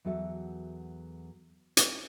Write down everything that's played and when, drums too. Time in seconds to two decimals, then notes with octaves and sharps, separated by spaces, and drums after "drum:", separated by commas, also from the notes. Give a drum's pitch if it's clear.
0.05 E2 F#3 F#4 A4 E5
1.77 drum: hi-hat